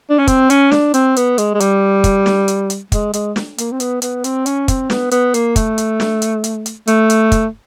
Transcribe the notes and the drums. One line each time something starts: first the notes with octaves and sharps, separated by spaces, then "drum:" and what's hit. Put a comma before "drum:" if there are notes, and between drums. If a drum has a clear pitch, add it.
D4
C#4
C4, drum: kick, hi-hat
C#4, drum: hi-hat
D4, drum: snare
C4, drum: hi-hat
B3, drum: hi-hat
G#3, drum: hi-hat
G#3
G3, drum: hi-hat
drum: kick, hi-hat
drum: snare
drum: hi-hat
drum: hi-hat
G#3, drum: kick, hi-hat
G#3, drum: hi-hat
drum: snare
A#3, drum: hi-hat
C4
B3, drum: hi-hat
B3, drum: hi-hat
C4, drum: hi-hat
C#4, drum: hi-hat
C4, drum: kick, hi-hat
B3, drum: snare
B3, drum: hi-hat
A#3, drum: hi-hat
A3, drum: kick, hi-hat
drum: hi-hat
drum: snare
drum: hi-hat
drum: hi-hat
drum: hi-hat
A3, drum: hi-hat
drum: hi-hat
drum: kick, hi-hat